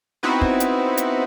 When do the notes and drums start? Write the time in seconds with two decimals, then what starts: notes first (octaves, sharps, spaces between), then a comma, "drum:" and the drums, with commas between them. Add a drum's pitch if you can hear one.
0.23 B3 C4 D#4 E4 F#4 B4
0.42 drum: kick
0.60 drum: hi-hat
0.97 drum: hi-hat